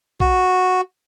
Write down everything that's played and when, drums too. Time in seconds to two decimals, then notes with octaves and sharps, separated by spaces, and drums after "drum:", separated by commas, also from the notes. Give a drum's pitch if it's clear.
0.20 F#4, drum: kick